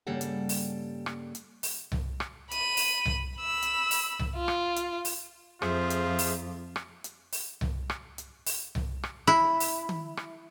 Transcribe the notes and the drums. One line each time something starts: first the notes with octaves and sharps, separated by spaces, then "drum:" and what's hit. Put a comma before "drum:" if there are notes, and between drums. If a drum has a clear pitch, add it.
G2 C#3 G3 A#3 A4 F#5
drum: hi-hat
drum: open hi-hat
drum: rim click
drum: hi-hat
drum: open hi-hat
drum: tom C2
drum: rim click
B5 D#7, drum: hi-hat
drum: open hi-hat
drum: tom C2
B5 E6
drum: hi-hat
drum: open hi-hat
drum: tom C2
F4
drum: rim click
drum: hi-hat
drum: open hi-hat
F2 F4 G#4 C5 E5, drum: rim click
drum: hi-hat
drum: open hi-hat
drum: rim click
drum: hi-hat
drum: open hi-hat
drum: tom C2
drum: rim click
drum: hi-hat
drum: open hi-hat
drum: tom C2
drum: rim click
E4
drum: open hi-hat
drum: tom D#3
drum: rim click